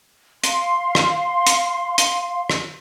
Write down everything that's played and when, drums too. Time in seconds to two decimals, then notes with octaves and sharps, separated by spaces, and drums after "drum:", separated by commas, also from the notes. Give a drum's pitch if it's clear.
0.44 F5 C6, drum: hi-hat
0.95 drum: rim click
1.47 drum: hi-hat
1.98 drum: hi-hat
2.50 drum: rim click